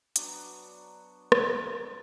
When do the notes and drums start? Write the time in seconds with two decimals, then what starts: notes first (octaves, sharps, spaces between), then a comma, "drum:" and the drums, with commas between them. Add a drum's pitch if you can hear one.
0.16 F#3 B3 D4 F#4, drum: hi-hat
1.32 drum: rim click